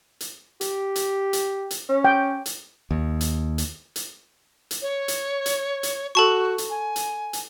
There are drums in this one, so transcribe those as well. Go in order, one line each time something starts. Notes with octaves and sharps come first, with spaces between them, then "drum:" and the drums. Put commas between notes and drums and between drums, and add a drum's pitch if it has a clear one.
drum: hi-hat
G4, drum: hi-hat
drum: hi-hat
drum: hi-hat
drum: hi-hat
C#4
G5
drum: hi-hat
D#2
drum: hi-hat
drum: hi-hat
drum: hi-hat
drum: hi-hat
C#5
drum: hi-hat
drum: hi-hat
drum: hi-hat
F#4 A4 A5 C#6
drum: hi-hat
G#5
drum: hi-hat
drum: hi-hat